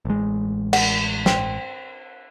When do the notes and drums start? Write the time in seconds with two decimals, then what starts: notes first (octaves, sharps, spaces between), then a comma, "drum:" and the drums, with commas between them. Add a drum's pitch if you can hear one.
0.05 A1 G#3
0.73 F#5, drum: cymbal
1.26 C4, drum: snare